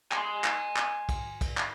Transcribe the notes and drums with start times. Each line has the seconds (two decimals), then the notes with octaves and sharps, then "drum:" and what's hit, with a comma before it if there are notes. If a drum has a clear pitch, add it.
0.12 G#5 C6, drum: clap
0.44 drum: clap
0.76 drum: clap
1.09 drum: kick, cymbal
1.41 drum: kick, cymbal
1.57 drum: clap